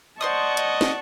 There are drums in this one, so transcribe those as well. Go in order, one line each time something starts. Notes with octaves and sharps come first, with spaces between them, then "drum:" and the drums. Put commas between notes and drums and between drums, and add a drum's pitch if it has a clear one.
C5 D5 D#5 F#5 A5 C6 C#6 D#6
D#5, drum: hi-hat
drum: snare